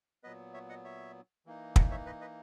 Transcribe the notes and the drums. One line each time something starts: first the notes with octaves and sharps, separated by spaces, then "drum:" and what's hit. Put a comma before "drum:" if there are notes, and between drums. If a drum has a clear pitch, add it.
A#2 F#3 B3 B4 D#5
C#5 E5
D#5 F#5
C#5 E5
E3 A#3 D#4
D#5 F#5, drum: kick
C#5 E5
B4 D#5
B4 D#5